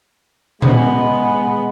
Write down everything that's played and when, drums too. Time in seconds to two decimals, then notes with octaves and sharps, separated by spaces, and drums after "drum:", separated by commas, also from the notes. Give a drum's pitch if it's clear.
0.62 G#3 B3, drum: tom A#2